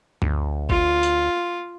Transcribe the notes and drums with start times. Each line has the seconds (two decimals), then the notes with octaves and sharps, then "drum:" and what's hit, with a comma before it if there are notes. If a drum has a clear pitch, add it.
0.22 D2, drum: tom G2
0.70 F4, drum: kick G1
1.03 drum: tambourine